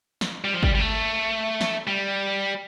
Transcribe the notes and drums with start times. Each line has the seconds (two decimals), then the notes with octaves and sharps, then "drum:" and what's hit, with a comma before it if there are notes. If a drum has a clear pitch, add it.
0.21 drum: snare
0.45 G3
0.54 F3
0.63 G3, drum: kick
0.75 G3
0.79 A3
1.61 drum: snare
1.87 G3